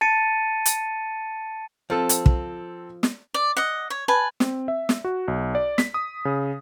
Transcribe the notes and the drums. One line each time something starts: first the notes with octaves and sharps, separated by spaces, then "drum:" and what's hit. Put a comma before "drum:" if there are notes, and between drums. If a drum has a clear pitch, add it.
A5 A6 C#7 D#7
drum: hi-hat
F3 C4 A4
drum: hi-hat
drum: kick
drum: snare
D5
D#5 F#5
C#5
B4 G#5 A5
C4, drum: snare
E5
drum: snare
F#4
B1
D5
B6, drum: snare
D#6
C#3